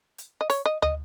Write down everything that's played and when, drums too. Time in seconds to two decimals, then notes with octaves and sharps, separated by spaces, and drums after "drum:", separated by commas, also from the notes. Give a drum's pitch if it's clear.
0.18 drum: hi-hat
0.41 D#5
0.50 C#5, drum: open hi-hat
0.66 D#5
0.82 D#5, drum: tom